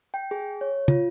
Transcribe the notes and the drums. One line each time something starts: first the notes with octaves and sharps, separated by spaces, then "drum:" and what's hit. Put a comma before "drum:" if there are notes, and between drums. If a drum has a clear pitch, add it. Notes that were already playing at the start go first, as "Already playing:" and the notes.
G5
G#4
C#5
F4, drum: tom